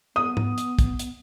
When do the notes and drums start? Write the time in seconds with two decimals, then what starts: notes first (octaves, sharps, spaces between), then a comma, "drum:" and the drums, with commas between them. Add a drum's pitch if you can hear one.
0.16 B3 D#6
0.37 drum: tom
0.58 drum: hi-hat
0.79 drum: kick, hi-hat
0.99 drum: hi-hat